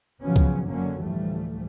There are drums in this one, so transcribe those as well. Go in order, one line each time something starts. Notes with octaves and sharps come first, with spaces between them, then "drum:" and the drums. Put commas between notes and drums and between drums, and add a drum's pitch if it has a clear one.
C#3 F3 F#3 B3 C#4
drum: kick
F#1 F#2 D3 F#3 A#3 C#4
D2 A2 E3 F3 G3 A3